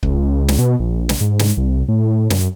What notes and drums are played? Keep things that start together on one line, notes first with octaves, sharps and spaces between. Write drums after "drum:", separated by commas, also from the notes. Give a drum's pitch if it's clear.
C#2, drum: kick C#1
drum: snare
B2
A#1
drum: snare
G#2
drum: snare
C2
A2
F#2, drum: snare